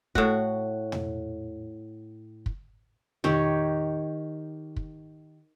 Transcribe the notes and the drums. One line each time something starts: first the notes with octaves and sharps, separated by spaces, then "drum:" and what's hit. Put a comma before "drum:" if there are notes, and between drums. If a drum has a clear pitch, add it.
A2 F#4, drum: kick
drum: tom
drum: kick
D#3 G4 C#5, drum: tom
drum: kick